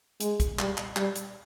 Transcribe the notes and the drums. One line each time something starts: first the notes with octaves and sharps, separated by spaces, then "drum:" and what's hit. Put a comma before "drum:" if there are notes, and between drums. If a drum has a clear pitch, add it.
G#3, drum: hi-hat
drum: kick, hi-hat
G3, drum: clap
drum: clap
G3, drum: clap
drum: hi-hat